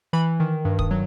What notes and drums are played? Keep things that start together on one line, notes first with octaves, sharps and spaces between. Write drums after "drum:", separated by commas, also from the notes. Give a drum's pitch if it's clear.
E3 B5
D#3
G2
D#6, drum: kick
F#3